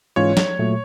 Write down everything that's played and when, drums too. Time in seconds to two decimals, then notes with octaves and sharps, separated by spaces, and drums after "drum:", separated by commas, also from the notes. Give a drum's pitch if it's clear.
0.16 G#2 E3 G#3 C#4 F4 C#5
0.37 drum: snare
0.59 A#2 F#3 A3